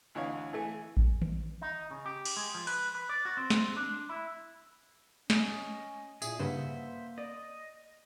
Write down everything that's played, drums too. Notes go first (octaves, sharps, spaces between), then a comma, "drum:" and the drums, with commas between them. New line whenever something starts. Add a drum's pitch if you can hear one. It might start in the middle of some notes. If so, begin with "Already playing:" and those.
D2 E3 D#4 C#5 F5
E3 A3 G#5
drum: kick A1
drum: tom D#3
D#4
C#3
G4
drum: cymbal
G#3
F3
B4, drum: open hi-hat
B4
D5
F#4
C4
drum: snare
D4
E4
C#4 D#5, drum: snare
A#2 E4 G#4 E5 D#7, drum: tambourine
G2 C#3 A#3 B4 C5 E5 F#5
D5 D#5